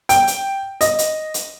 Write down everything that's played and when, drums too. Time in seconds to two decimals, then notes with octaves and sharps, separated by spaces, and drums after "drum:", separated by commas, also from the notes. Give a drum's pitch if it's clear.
0.09 G5, drum: hi-hat
0.27 drum: hi-hat
0.81 D#5, drum: hi-hat
0.99 drum: hi-hat
1.34 drum: hi-hat